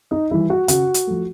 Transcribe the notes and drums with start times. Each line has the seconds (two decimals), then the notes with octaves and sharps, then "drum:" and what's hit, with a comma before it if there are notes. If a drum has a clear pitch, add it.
0.11 D#4 D#5
0.30 E3 G3 E4 E5
0.50 F#4 F#5
0.68 C#3 F#4 F#5, drum: hi-hat
0.94 drum: hi-hat
1.07 F3 A3